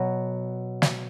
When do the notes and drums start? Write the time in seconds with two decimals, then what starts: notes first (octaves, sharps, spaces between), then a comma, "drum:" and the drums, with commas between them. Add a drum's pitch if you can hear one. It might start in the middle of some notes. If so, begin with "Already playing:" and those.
Already playing: B2 F#3
0.82 drum: snare